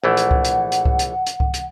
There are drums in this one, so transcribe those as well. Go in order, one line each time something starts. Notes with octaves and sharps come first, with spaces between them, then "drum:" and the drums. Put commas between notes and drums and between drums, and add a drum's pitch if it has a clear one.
A#1 E3 A3 F#5
drum: hi-hat
drum: kick C2
drum: hi-hat
drum: hi-hat
drum: kick C2
drum: hi-hat
drum: hi-hat
drum: kick C2
drum: hi-hat